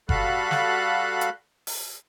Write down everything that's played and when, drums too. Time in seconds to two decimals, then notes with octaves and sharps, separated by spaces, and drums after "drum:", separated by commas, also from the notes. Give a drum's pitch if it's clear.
0.09 G3 F#4 A4 F5 B5 F#6, drum: kick F#1
0.51 drum: snare
1.21 drum: hi-hat
1.67 drum: open hi-hat